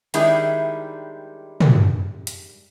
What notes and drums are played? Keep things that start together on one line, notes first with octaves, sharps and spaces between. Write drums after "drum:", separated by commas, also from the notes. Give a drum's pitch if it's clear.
D#3 G3 G#3 D4 E4, drum: hi-hat
drum: tom
drum: hi-hat